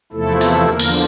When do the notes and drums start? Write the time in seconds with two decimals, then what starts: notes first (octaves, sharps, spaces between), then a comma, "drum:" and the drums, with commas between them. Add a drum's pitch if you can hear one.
0.12 E2 C3 F3 A3 E4 A4
0.41 A4, drum: open hi-hat
0.69 E2 D3 F3 A#3 A#4
0.79 drum: cymbal